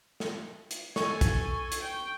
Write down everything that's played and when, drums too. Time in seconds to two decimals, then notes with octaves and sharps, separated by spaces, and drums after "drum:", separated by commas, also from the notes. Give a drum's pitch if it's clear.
0.20 drum: snare
0.71 drum: hi-hat
0.96 A4 G#5 C#6, drum: snare
1.21 drum: kick, hi-hat
1.72 drum: hi-hat
1.82 G5